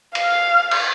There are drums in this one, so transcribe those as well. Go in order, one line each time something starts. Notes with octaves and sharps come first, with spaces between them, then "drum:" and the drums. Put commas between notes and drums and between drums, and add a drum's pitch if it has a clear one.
F5, drum: cymbal
drum: cymbal